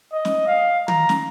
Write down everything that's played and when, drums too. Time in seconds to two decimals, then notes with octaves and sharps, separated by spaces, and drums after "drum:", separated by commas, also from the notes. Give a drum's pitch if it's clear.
0.13 D#5
0.25 drum: snare
0.47 F5
0.88 A#5, drum: tom
1.09 drum: snare